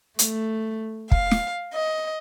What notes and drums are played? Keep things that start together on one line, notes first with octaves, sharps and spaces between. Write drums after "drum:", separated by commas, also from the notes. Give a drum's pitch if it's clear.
A3, drum: hi-hat
F5, drum: kick
drum: snare
D#5